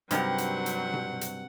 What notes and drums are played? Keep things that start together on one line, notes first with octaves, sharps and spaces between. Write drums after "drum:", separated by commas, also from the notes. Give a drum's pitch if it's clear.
G2 C3 F#3 C4 D#4 A#4 F#5, drum: hi-hat
drum: hi-hat
drum: hi-hat
drum: tom B2
drum: hi-hat